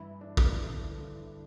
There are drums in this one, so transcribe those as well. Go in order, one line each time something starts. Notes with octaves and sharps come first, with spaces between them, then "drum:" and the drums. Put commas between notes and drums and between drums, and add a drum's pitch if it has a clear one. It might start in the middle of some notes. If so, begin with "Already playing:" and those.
Already playing: G2 E3 E4
D4
drum: kick
D3
D3